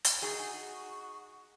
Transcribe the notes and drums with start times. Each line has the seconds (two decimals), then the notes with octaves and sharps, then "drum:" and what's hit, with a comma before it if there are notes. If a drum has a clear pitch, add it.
0.05 drum: hi-hat
0.22 D#4 F#4 G#4